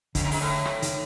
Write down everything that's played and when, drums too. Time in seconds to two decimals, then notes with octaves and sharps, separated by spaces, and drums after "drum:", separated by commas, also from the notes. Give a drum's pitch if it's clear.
0.15 F2 D3, drum: kick, hi-hat
0.23 F#2
0.31 G#2, drum: open hi-hat
0.40 A2
0.65 drum: rim click
0.82 D#3, drum: hi-hat